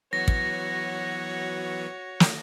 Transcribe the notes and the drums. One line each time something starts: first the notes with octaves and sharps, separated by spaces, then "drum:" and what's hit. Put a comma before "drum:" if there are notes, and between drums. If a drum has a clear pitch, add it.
E3 F#3 B3 F#4 C#5 A#6
drum: kick
drum: snare